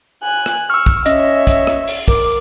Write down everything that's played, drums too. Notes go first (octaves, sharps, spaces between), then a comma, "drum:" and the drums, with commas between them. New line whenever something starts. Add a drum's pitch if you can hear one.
G#5 F#6
drum: rim click
C#6 E6 F6
drum: kick
C#4 C#5 D#5 E5, drum: hi-hat
drum: kick, hi-hat
drum: rim click
drum: open hi-hat
A#4 D6, drum: kick